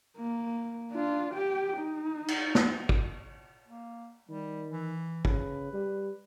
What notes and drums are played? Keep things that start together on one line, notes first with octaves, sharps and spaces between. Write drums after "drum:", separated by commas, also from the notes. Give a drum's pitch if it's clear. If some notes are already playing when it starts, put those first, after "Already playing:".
A#3
D4 F4
G4 G5
D#4
drum: cymbal
drum: snare
drum: kick
A#3
D#3 G3
E3
C#3 B4, drum: kick
G3